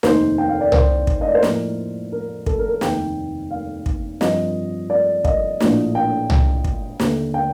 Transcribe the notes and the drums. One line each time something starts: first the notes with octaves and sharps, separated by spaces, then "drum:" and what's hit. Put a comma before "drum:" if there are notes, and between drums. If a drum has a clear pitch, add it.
F1 D#2 D#3 A3 D#4 C5, drum: snare
G5
F5
D5
C5, drum: tom C2
drum: kick
D#5
D5
C5
A2 F3 A#3 A#4, drum: snare
A#4
A4, drum: kick
A#4
A#4
F1 D#2 D#3 A#3 G5, drum: snare
F5
drum: kick
G2 F3 C4 F4 D#5, drum: snare
D5
D#5, drum: kick
A#1 A2 A3 D4 F4, drum: snare
G5
drum: tom C2
drum: kick
D#2 D3 A3, drum: snare
G5